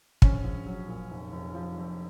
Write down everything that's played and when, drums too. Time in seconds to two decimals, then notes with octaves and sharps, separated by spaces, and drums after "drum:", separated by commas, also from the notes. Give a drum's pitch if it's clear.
0.22 A#1 C#4, drum: kick
0.44 A#1
0.66 F#3
0.88 A#2
1.11 F1
1.32 F1
1.55 F3
1.77 F2